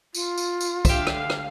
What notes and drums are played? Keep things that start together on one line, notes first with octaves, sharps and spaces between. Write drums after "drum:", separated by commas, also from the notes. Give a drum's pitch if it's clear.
F4, drum: tambourine
drum: tambourine
drum: tambourine
D3 G4 E5 F5, drum: kick, tambourine
drum: rim click
drum: rim click